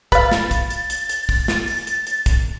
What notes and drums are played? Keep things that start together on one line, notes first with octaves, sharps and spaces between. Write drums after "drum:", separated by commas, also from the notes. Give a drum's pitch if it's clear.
B4 F5 A6, drum: kick, hi-hat
drum: snare
drum: kick, hi-hat
drum: hi-hat
drum: hi-hat
drum: hi-hat
drum: kick, open hi-hat
drum: snare
drum: open hi-hat
drum: hi-hat
drum: hi-hat
drum: kick, hi-hat